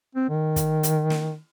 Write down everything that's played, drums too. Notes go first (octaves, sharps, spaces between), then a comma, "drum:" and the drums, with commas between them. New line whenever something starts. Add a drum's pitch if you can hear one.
C4
D#3
drum: kick, hi-hat
drum: hi-hat
drum: snare